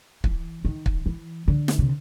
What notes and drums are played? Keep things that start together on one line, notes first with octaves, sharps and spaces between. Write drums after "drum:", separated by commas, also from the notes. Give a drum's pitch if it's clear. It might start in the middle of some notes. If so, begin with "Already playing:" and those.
E3, drum: kick
D#3
drum: kick
E3
D3
drum: snare
C3